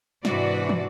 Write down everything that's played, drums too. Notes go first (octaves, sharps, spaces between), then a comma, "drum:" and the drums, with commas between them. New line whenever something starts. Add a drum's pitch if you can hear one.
G#2 C3 E3 D4 F#4 D5, drum: snare
drum: tom